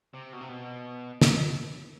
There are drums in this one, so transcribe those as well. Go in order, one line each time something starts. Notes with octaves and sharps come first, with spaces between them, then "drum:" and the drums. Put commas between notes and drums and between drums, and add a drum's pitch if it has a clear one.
C3
B2
C3
B2
drum: snare